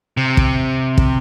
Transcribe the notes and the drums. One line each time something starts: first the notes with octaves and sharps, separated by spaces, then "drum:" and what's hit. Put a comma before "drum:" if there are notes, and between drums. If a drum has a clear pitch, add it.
C3
drum: kick
drum: kick